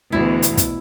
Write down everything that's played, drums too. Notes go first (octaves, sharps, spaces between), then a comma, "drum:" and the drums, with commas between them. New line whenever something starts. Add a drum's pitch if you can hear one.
D2 B2 E3 E4
drum: hi-hat
drum: kick, hi-hat